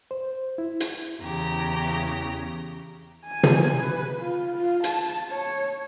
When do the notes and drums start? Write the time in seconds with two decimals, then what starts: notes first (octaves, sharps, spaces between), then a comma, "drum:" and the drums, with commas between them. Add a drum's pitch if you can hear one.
0.11 C5
0.58 E4
0.80 drum: hi-hat
1.22 E2 C#3 G4 A#5
3.26 G#5
3.43 drum: tom
3.82 B4
4.21 F4
4.55 F4
4.84 A5, drum: hi-hat
5.30 C#5